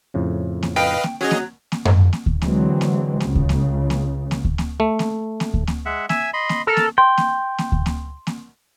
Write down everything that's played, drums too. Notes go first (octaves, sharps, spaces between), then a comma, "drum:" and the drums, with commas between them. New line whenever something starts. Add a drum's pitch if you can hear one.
F2 A2 C#3
drum: snare A#3
B4 D#5 F5 G5
drum: snare A#3
F#3 C#4 G#4 D#5
drum: snare A#3
drum: snare A#3
drum: tom F#2
drum: snare A#3
drum: kick D2
D3 E3 F#3 G#3 C4, drum: snare A#3
drum: snare A#3
C#2 C#3, drum: snare A#3
drum: kick D2
drum: snare A#3
drum: snare A#3
drum: snare A#3
drum: kick D2
drum: snare A#3
A3
drum: snare A#3
drum: snare A#3
drum: kick D2
drum: snare A#3
G#3 E5 F#5
E5 G#5 E6, drum: snare A#3
D#5 B5 C6
drum: snare A#3
A4 A#4 E6 F6
drum: snare A#3
G5 C6
drum: snare A#3
drum: snare A#3
drum: kick D2
drum: snare A#3
drum: snare A#3